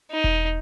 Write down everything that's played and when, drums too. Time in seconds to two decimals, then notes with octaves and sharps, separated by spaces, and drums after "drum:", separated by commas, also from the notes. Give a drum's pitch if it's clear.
0.11 D#4
0.24 drum: kick E1